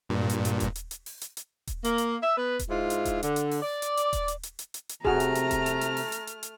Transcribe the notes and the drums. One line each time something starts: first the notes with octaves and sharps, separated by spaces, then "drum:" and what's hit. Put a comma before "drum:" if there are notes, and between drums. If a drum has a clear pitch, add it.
G2 A#2
drum: hi-hat
drum: hi-hat
drum: kick D#1, hi-hat
drum: hi-hat
drum: hi-hat
drum: open hi-hat
drum: hi-hat
drum: hi-hat
drum: kick D#1, hi-hat
A#3, drum: hi-hat
drum: hi-hat
E5
B3 B4
drum: kick D#1, hi-hat
G#2 E4 F4
drum: hi-hat
drum: kick D#1, hi-hat
D3, drum: hi-hat
drum: hi-hat
drum: open hi-hat
D5
drum: hi-hat
drum: hi-hat
drum: kick D#1, hi-hat
drum: hi-hat
drum: hi-hat
drum: hi-hat
drum: hi-hat
drum: hi-hat
C3 A3 F#4 G#4 A#5 F6, drum: kick D#1
drum: hi-hat
drum: hi-hat
drum: kick D#1, hi-hat
drum: hi-hat
drum: hi-hat
drum: open hi-hat
drum: hi-hat
drum: hi-hat
drum: hi-hat